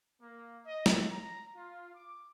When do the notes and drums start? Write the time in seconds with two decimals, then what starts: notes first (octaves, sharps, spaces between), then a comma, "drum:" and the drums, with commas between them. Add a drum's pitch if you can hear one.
0.21 A#3
0.64 D#5
0.86 drum: snare
1.09 A#5
1.54 F4
1.94 D6